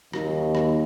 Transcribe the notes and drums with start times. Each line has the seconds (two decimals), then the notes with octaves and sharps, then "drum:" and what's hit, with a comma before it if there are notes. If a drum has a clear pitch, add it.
0.13 D#2, drum: rim click
0.55 drum: rim click